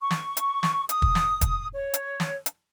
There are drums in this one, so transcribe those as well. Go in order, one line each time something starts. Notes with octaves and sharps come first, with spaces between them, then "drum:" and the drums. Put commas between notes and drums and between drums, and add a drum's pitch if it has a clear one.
C#6
drum: snare
drum: hi-hat
drum: snare
D#6, drum: hi-hat
drum: kick
drum: snare
drum: kick, hi-hat
C#5
drum: hi-hat
drum: snare
drum: hi-hat